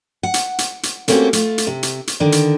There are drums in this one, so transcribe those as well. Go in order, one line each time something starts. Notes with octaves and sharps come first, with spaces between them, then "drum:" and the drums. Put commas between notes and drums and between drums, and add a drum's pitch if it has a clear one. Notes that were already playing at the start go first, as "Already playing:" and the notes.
F#5
drum: hi-hat
drum: hi-hat
drum: hi-hat
A3 A#3 C4 C#4 F#4 G4, drum: hi-hat
A3 F4, drum: hi-hat
drum: hi-hat
C3
drum: hi-hat
drum: hi-hat
D3 D#3 D4
drum: hi-hat